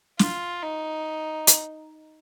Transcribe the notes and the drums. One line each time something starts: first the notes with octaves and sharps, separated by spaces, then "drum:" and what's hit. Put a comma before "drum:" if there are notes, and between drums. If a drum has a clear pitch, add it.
F4, drum: snare
D#4
drum: hi-hat